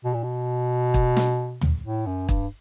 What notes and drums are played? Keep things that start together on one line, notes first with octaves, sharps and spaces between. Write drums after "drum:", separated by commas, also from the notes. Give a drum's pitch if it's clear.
B2
A#2
B2
drum: kick
drum: snare
drum: tom
A2
F#2
G2, drum: kick